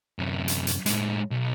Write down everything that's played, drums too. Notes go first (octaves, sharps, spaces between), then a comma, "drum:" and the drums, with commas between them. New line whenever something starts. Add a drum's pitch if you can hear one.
F#2 C3
drum: hi-hat
drum: hi-hat
A2 G#3, drum: hi-hat
B1